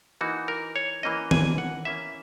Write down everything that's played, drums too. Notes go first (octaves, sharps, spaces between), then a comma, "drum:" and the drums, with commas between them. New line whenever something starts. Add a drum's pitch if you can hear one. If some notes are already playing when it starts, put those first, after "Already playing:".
E3 A#3 D#4 F#4
A#4
C#5
E3 A#3 C#4 D#5
G#5, drum: tom
F#5
E3 A#3 C#4 E5